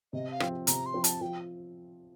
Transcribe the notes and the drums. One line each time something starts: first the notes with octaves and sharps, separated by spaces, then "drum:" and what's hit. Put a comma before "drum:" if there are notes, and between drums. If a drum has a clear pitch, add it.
C3 D#5
F5
F3 C4, drum: rim click
C3 A#5, drum: hi-hat
C6
F3 C4
A5, drum: hi-hat
F3 G5